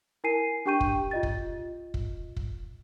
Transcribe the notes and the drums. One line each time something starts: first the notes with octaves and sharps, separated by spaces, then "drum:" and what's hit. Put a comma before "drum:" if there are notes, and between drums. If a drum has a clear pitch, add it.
E4 A#4 G#5 C7 D#7
D4 G4 G5 C#6 G6 D#7
drum: kick
F4 D#5 A6
drum: kick
drum: kick
drum: kick